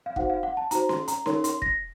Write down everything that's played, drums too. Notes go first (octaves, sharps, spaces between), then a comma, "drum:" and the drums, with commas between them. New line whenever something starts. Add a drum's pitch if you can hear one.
F5
D#4 F#4 C5 F#5, drum: kick
F5
F#5
A5
D#4 F#4 C5 A#5, drum: hi-hat
C6, drum: snare C#4
A#5, drum: hi-hat
D#4 A#4 C#5 C6, drum: snare C#4
C6, drum: hi-hat
A#6, drum: kick